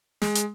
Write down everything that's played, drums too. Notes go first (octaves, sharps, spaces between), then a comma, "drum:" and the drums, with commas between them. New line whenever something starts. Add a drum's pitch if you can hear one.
G#3, drum: snare
drum: hi-hat